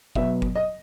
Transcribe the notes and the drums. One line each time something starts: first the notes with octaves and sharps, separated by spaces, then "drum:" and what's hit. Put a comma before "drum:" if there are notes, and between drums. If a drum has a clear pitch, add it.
B2 F#3 B3 E5, drum: kick
drum: kick
D#5